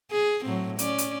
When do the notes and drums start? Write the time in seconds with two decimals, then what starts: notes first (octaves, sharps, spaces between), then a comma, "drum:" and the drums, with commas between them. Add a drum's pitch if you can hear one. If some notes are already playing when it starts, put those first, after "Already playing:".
0.11 G#4
0.45 A2 F#3 C4
0.79 C#4 D5, drum: hi-hat
0.98 drum: hi-hat